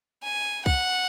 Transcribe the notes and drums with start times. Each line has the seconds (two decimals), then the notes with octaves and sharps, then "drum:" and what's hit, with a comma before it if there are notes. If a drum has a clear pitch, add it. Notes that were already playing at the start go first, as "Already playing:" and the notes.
0.24 G#5
0.66 F#5, drum: kick C2